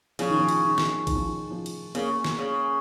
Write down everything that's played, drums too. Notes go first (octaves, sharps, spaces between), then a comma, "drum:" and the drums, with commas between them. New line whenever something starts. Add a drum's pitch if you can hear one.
C#3 F3, drum: cymbal
D#3
F3
drum: cymbal
D#3
drum: snare
D#3, drum: kick A1, cymbal
F3
D#3
F3
drum: cymbal
C#3 A#3, drum: cymbal
drum: snare
C#3